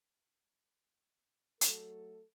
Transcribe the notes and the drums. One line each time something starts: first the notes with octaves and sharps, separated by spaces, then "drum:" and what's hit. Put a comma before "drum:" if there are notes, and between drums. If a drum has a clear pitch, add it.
F#3 A3 A4, drum: hi-hat